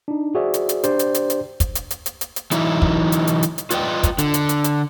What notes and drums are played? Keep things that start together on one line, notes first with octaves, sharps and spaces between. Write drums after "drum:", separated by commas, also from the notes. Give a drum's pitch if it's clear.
D4 D#4
F#4 G#4 C5 D5 E5
drum: hi-hat
drum: hi-hat
D4 G4 C5 D5, drum: hi-hat
drum: hi-hat
drum: hi-hat
drum: hi-hat
drum: kick, hi-hat
drum: hi-hat
drum: hi-hat
drum: hi-hat
drum: hi-hat
drum: hi-hat
E3 F#3 D#4 E4 E5, drum: hi-hat
drum: kick
drum: hi-hat
drum: hi-hat
drum: hi-hat
drum: hi-hat
F4 B4 D5 D#5 G5, drum: hi-hat
drum: kick, hi-hat
D3, drum: hi-hat
drum: hi-hat
drum: hi-hat
drum: hi-hat